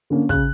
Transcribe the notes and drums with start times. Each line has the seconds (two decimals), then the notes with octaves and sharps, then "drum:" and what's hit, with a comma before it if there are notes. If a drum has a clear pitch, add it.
0.10 D3 A#3 C#4
0.29 C#3 F#6, drum: kick, hi-hat